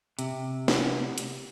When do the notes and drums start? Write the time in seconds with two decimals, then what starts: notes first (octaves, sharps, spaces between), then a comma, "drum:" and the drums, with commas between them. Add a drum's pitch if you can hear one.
0.19 C3, drum: hi-hat
0.68 drum: snare
1.18 drum: hi-hat